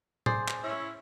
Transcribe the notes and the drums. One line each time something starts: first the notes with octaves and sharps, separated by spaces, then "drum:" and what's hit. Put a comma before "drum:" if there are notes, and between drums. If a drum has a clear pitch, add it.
G#4 C5 D5, drum: tom A2
drum: clap
C#4 E4